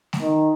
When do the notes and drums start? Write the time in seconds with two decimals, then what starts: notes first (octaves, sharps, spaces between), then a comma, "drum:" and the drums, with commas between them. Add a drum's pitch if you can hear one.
0.13 drum: snare A3
0.22 D#3